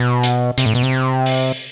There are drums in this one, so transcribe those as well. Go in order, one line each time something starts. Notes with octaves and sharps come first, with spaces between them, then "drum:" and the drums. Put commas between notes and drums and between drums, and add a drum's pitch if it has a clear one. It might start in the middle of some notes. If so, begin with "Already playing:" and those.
Already playing: B2
drum: hi-hat
C3, drum: hi-hat
A2
B2
C3
drum: open hi-hat